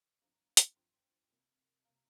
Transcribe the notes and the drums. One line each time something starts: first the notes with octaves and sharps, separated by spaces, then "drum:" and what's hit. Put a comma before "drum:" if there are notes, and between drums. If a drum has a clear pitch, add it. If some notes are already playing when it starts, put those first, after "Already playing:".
G1 G2 F3 C4 F5 A#5
drum: hi-hat
G1 G2 F3 C4 G5 C6
C2 C3 A#3
C3 A#3 F5 A#5